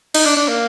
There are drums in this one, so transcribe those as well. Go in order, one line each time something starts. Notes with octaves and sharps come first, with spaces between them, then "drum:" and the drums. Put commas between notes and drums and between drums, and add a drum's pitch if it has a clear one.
D#4, drum: cymbal
D4
D4
A#3